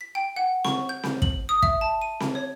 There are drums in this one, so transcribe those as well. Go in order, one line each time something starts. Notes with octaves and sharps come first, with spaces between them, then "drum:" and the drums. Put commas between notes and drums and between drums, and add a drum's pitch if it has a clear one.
B6
G5
F#5
C#6, drum: snare C4
G6
drum: snare C4
F#7, drum: kick
D#6
E5, drum: kick
A5
D#7
drum: snare C4
C#5